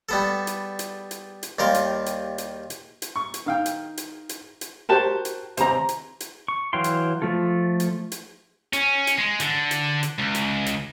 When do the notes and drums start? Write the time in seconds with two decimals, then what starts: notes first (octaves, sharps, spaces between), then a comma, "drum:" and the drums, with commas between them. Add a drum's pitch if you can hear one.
0.09 G3 B3 A4
0.47 drum: hi-hat
0.79 drum: hi-hat
1.11 drum: hi-hat
1.43 drum: hi-hat
1.59 D#2 G3 A#4 F5 C6
1.74 drum: hi-hat
2.06 drum: hi-hat
2.38 drum: hi-hat
2.70 drum: hi-hat
3.02 drum: hi-hat
3.16 C#6
3.34 drum: hi-hat
3.46 D#3 F5 G5
3.66 drum: hi-hat
3.97 drum: hi-hat
4.29 drum: hi-hat
4.61 drum: hi-hat
4.89 F#4 G4 A#4 C5 A5
5.25 drum: hi-hat
5.57 D#2 C3 C4 C5 A#5, drum: hi-hat
5.89 drum: hi-hat
6.20 drum: hi-hat
6.48 C#6
6.73 E3 F#3 F5 G5 C6
6.84 drum: hi-hat
7.22 F3 A3 F4 A4
7.80 drum: hi-hat
8.12 drum: hi-hat
8.73 C#4, drum: hi-hat
9.07 drum: hi-hat
9.18 G#3
9.40 D3, drum: hi-hat
9.71 drum: hi-hat
10.03 drum: hi-hat
10.19 C#2
10.35 drum: hi-hat
10.66 drum: hi-hat